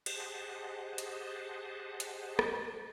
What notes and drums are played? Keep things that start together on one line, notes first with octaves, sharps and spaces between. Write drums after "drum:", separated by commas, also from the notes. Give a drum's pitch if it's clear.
G4 G#4 C5 D#5 F#5 A5, drum: cymbal
drum: hi-hat
drum: hi-hat
drum: rim click